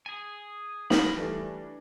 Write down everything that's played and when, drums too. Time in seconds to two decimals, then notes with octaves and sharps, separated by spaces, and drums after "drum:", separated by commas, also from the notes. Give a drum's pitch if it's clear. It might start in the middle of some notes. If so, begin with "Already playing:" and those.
0.06 G#4 G#5
0.90 B5 D#6 F6 A#6, drum: snare
1.16 E3 G3 A3 D4